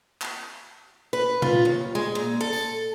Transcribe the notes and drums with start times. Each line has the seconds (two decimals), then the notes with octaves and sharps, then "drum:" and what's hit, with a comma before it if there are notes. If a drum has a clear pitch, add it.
0.22 drum: clap
1.13 B4
1.42 F4, drum: tom A#2
1.65 D#2
1.95 G#3
2.15 A#2
2.41 A4
2.53 drum: tambourine